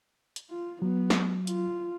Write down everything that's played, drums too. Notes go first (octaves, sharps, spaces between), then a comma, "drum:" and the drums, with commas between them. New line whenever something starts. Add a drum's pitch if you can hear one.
drum: hi-hat
F4
F#3 B3
drum: snare
F4, drum: hi-hat